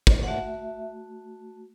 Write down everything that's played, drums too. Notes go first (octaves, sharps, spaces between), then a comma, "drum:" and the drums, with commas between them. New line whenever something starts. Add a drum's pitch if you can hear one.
drum: kick
F#5
A3 F#4 E5